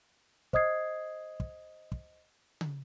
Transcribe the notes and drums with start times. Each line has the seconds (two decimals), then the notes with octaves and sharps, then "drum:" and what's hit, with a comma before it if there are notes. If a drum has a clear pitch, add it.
0.53 C5 D#5 D#6 G#6 C7, drum: kick
1.40 drum: kick
1.92 drum: kick
2.61 drum: tom C#3